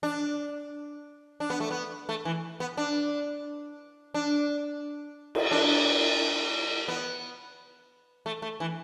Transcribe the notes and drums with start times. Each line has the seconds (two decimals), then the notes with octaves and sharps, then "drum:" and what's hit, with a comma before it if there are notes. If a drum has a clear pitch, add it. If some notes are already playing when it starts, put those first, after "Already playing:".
0.03 D4
1.40 D4
1.50 B3
1.60 A3
1.71 B3
2.09 A3
2.25 E3
2.60 B3
2.77 D4
4.14 D4
5.35 drum: cymbal
5.51 D4
6.88 B3
8.26 A3
8.42 A3
8.60 E3